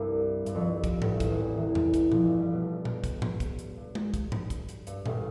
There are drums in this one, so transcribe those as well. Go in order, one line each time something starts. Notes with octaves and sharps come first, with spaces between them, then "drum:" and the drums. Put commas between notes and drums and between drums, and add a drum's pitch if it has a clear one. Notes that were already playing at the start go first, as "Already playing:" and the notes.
Already playing: C2 G2 C3
G2, drum: hi-hat
F2
G2
drum: kick, hi-hat
A1 A2, drum: tom G#2
drum: kick, hi-hat
E2 E3
E2 E3
drum: tom E2
drum: kick, hi-hat
F2 F3, drum: tom A#2
G2 G3
G2 G3
B1 B2
G2
drum: tom A#2
drum: kick, hi-hat
drum: tom G#2
drum: kick, hi-hat
drum: hi-hat
G2
drum: tom G#3
drum: kick, hi-hat
drum: tom G#2
drum: kick, hi-hat
drum: hi-hat
G2, drum: hi-hat
A1 A2, drum: tom A#2